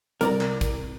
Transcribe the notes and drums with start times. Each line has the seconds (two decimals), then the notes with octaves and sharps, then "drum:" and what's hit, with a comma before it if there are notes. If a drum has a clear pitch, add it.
0.21 C2 A#4 D5 A#5, drum: hi-hat
0.41 drum: clap
0.61 drum: kick, hi-hat